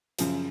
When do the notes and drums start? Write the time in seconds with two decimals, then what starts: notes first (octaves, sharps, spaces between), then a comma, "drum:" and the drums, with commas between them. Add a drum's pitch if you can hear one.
0.19 F#2 C#3 F3, drum: hi-hat